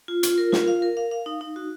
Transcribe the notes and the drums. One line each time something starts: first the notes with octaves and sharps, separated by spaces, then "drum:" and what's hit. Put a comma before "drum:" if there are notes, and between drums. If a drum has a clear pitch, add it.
F4
F4, drum: hi-hat
A#4
F4, drum: snare
F5
A#4
F5
F5
D#4
D#4
F#4